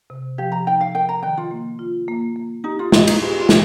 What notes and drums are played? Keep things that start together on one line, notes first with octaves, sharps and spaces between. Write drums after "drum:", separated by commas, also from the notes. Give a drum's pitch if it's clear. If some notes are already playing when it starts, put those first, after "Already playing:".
C3
F3 G4
A#5
D#4 G5
F5
A#4 G5
A#5
D#3 G5
F4
A#3
F4
A#3
A#3
D#4 G4
F4
F4 D#5, drum: snare
D#4, drum: cymbal
F4 G4
F4
D#3, drum: snare